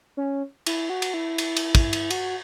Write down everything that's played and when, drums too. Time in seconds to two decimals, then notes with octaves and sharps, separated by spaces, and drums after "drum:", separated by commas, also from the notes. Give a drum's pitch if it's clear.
0.17 C#4
0.66 E4, drum: cymbal
0.90 F#4
1.02 drum: cymbal
1.14 E4
1.38 drum: cymbal
1.57 drum: cymbal
1.75 drum: kick, cymbal
1.93 drum: cymbal
2.10 F#4, drum: cymbal